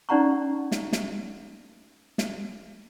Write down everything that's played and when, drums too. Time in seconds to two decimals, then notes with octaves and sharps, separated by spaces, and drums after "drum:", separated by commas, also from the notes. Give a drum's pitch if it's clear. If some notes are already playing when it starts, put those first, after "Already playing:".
0.09 C#4 D#4 D5 F#5 A#5 C#6
0.72 drum: snare
0.93 drum: snare
2.18 drum: snare